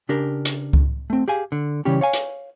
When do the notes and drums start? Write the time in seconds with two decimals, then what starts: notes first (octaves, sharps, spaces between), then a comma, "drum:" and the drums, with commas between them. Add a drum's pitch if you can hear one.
0.09 C#3 D4 G4 A#4
0.45 drum: hi-hat
0.73 drum: kick C#2
1.10 A3 C4
1.28 G4 G#4 F5 G#5
1.52 D3
1.85 C#3 E3 G3 C#4 G4
2.01 C#5 F5 G#5
2.13 drum: hi-hat